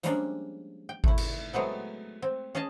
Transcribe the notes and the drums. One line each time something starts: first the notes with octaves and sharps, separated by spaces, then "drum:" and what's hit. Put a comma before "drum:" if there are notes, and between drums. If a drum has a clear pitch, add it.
F3 G3 G#3 A#3 C#4 D4, drum: hi-hat
G5
A3 E4, drum: kick G#1
drum: cymbal
F#3 G#3 A3 B3 C4
C4
C#4 G#4 D#5 G#5 A5